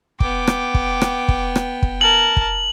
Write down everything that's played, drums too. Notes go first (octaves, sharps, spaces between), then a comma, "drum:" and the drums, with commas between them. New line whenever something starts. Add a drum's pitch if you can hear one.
B3 G5 D6, drum: kick
drum: rim click
drum: kick
drum: rim click
drum: kick
drum: rim click
drum: kick
A#4 A5 F#7
drum: kick